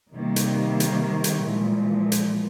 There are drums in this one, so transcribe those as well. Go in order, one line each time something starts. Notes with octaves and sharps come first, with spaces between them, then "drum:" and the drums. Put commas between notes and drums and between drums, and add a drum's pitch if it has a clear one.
C3 D#3 G3 A#3
drum: hi-hat
drum: hi-hat
drum: hi-hat
A#2 E3 F3 G#3
drum: hi-hat